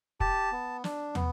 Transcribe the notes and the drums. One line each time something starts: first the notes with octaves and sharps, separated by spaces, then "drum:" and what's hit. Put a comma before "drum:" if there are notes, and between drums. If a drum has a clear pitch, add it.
G4 A5, drum: kick
B3
D4, drum: snare
B3, drum: tom